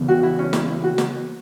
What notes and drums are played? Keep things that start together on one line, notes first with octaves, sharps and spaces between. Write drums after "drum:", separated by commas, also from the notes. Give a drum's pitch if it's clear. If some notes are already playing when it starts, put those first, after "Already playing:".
Already playing: C#3 E3 B3
F#4
E4
C#4
E4, drum: snare
E4
F#4
drum: snare